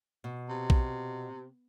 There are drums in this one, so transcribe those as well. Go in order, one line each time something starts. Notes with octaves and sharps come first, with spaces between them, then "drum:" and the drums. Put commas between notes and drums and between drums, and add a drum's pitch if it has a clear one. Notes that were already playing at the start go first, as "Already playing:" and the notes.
B2
C3
drum: kick A#1